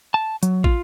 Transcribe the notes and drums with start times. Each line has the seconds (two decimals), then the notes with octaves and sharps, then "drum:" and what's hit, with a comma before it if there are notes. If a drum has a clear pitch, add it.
0.14 A5
0.43 F#3, drum: hi-hat
0.64 F4, drum: kick